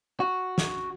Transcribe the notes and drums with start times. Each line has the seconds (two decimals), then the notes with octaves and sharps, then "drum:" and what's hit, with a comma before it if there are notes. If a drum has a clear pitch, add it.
0.20 F#4
0.58 drum: snare